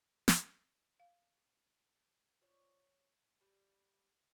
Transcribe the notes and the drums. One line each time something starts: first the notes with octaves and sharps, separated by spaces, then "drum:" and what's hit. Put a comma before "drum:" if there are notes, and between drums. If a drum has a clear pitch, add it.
drum: snare
F5
F3 C#5 D5
G3